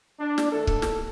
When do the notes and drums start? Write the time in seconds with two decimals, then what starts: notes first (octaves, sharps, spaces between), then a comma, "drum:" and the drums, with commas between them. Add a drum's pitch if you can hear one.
0.19 D4
0.38 drum: snare
0.53 D#2 A3 A4
0.67 drum: kick C#1
0.82 drum: snare